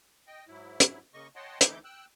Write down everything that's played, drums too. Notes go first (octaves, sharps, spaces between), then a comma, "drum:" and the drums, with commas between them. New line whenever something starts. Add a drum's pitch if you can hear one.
D#5 G5
G#2 F#3 E4
drum: hi-hat
C#3 A#3 D#5 C#6
C#5 D#5 F#5 G5 A5 C6
D2 E3 D#4 E4 D6 G6, drum: hi-hat
G5 E6 F#6